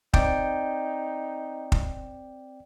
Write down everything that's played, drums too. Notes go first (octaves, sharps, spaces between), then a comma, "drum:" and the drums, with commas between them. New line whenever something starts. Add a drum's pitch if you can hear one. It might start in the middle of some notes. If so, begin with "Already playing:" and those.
C4 D#4 D5 G5, drum: kick
drum: kick